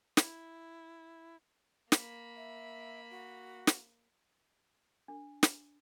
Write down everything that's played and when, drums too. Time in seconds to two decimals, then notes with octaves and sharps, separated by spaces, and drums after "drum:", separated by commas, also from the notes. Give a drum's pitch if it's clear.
0.17 E4, drum: snare
1.92 A#3 B5, drum: snare
2.36 E5
3.10 F#4
3.67 drum: snare
5.08 D4
5.43 drum: snare